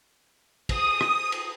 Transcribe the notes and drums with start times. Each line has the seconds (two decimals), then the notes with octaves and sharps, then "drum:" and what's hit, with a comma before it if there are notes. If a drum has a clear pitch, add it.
0.69 D#6, drum: kick, cymbal
1.01 drum: rim click
1.32 drum: cymbal